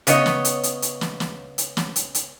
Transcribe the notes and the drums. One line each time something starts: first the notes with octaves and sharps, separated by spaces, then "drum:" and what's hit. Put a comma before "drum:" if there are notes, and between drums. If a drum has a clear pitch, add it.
C#3 B3 C#5 D#5, drum: hi-hat
drum: snare
drum: hi-hat
drum: hi-hat
drum: hi-hat
drum: snare
drum: snare
drum: hi-hat
drum: snare
drum: hi-hat
drum: hi-hat